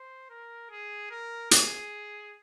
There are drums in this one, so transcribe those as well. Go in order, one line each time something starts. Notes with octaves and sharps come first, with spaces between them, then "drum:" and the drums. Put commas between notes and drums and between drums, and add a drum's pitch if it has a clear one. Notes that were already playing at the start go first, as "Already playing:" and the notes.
Already playing: C5
A#4
G#4
A#4
G#4, drum: hi-hat